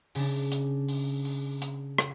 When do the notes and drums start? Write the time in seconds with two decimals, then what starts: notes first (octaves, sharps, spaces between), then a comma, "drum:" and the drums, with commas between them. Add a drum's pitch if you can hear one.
0.15 C#3 D4, drum: open hi-hat
0.52 drum: hi-hat
0.88 drum: open hi-hat
1.25 drum: open hi-hat
1.62 drum: hi-hat
1.98 drum: rim click